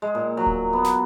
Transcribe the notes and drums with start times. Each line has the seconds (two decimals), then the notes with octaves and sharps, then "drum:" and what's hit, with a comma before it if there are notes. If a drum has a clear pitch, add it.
0.02 G#3
0.15 A#2
0.37 F#3
0.46 drum: kick D1
0.73 B3
0.84 drum: snare